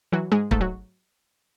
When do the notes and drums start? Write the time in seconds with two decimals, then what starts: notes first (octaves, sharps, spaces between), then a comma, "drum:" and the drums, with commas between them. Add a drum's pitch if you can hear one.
0.12 E3 F#3 F#4
0.32 G#2 G#3 G#4
0.51 G#2 A3 A4, drum: kick
0.61 F#3 F#4